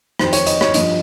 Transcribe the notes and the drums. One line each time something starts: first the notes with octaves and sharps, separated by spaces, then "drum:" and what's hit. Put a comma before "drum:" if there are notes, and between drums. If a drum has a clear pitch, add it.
F2 D#3 C5, drum: rim click
C#5, drum: hi-hat
D#5, drum: hi-hat
C#5, drum: rim click
G2 F3 D#5, drum: hi-hat